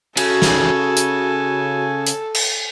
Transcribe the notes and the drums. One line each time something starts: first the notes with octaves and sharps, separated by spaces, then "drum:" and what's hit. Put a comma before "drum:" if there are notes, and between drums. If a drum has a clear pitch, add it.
C#3 F#4 A4 G#5, drum: cymbal
drum: snare
drum: hi-hat
drum: hi-hat
drum: cymbal